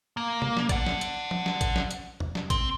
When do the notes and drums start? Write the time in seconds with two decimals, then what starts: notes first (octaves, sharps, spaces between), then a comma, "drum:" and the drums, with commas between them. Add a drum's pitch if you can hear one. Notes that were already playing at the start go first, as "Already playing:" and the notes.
0.17 A#3
0.42 drum: tom
0.57 drum: snare
0.69 D5 F#5, drum: kick, hi-hat
0.86 drum: snare
1.01 drum: hi-hat
1.31 drum: tom F3
1.46 drum: snare
1.61 drum: kick, hi-hat
1.76 drum: snare
1.91 drum: hi-hat
2.20 drum: tom E2
2.35 drum: snare
2.50 C4, drum: kick, hi-hat